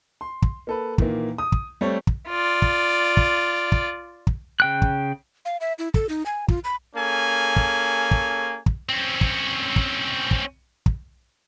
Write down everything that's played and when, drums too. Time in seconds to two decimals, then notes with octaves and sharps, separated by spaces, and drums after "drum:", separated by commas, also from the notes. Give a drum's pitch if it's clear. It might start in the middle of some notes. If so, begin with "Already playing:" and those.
0.21 C6
0.42 drum: kick
0.67 A#3 A4 B4
0.98 A#2 D#3 E3 A#3, drum: kick
1.38 D#6
1.52 drum: kick
1.81 G3 A3 C4 C#5
2.07 drum: kick
2.29 F4 D5
2.62 drum: kick
3.17 drum: kick
3.72 drum: kick
4.27 drum: kick
4.60 C#3 G5 F#6
4.82 drum: kick
5.45 F5
5.60 E5
5.79 E4
5.94 A4, drum: kick
6.09 D#4
6.26 G#5
6.48 F4, drum: kick
6.64 B5
6.95 A#3 C#4 G#4 A4 G#5
7.56 drum: kick
8.11 drum: kick
8.66 drum: kick
8.89 C4 C#4
9.21 drum: kick
9.76 drum: kick
10.31 drum: kick
10.86 drum: kick